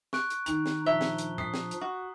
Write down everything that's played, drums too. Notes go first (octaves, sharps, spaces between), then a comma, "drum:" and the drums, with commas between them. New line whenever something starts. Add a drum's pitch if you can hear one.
C#6 F#6 D7, drum: snare
drum: hi-hat
D#3 D#4 F7, drum: hi-hat
drum: snare
A#2 F3 D4 E5 A#5 G7
drum: snare
drum: hi-hat
D#6 B6 C7, drum: tom A2
drum: snare
drum: hi-hat
F#4